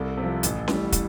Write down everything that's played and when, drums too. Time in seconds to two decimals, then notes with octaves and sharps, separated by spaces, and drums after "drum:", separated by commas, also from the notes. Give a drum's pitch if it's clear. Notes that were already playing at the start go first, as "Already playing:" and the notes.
Already playing: C2 A4
0.17 C3
0.23 F3
0.43 A1, drum: hi-hat
0.68 A2 G3, drum: snare C#4
0.92 drum: kick, hi-hat